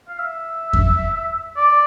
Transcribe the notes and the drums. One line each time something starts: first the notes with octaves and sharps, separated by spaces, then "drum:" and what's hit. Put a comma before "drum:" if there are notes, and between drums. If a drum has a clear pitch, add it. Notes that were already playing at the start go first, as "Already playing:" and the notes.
F5
E5
drum: kick F2
D5